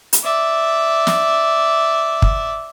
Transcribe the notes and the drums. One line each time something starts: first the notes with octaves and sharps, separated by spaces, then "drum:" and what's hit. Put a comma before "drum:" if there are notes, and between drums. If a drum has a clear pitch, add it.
drum: hi-hat
D5 E5
drum: snare
drum: kick